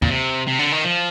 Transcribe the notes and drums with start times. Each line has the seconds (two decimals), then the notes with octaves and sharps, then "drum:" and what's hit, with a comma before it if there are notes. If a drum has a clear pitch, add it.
0.02 A#2, drum: tom E2
0.09 C3
0.47 C3
0.59 D3
0.72 D#3
0.84 F3